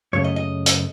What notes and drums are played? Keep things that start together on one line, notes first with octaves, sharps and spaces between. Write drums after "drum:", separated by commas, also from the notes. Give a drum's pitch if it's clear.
F#2 C#3 A3 C#5
D#5
D#5
drum: hi-hat